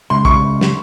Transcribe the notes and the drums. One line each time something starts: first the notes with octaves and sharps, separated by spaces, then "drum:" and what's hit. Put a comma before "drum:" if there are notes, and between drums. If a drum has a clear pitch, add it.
C#2 C6
C#6, drum: kick
drum: snare